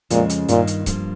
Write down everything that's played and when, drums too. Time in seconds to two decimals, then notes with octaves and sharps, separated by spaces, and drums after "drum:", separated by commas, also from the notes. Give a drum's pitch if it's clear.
0.10 F2 A#2 C#3 F3 G#3 C#4, drum: hi-hat
0.30 drum: hi-hat
0.48 G2 A#2 D#3 A#3 F4, drum: hi-hat
0.67 drum: hi-hat
0.86 G2 F3 A#3, drum: kick C#1, hi-hat